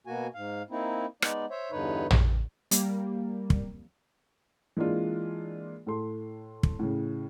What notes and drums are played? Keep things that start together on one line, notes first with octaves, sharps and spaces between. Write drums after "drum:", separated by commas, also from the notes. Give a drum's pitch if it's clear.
B2 A#3 F#4 G#5
G#2 F5
A#3 C4 D#4 E4
G#3 B3 D#4 D5, drum: rim click
C5 C#5 E5
E2 G2 D3 D#4 B4 C#5
drum: tom
G3 A#3, drum: hi-hat
drum: kick
E3 G#3 A#3 D4 F4
A2 A4 C6
drum: kick
A2 C#3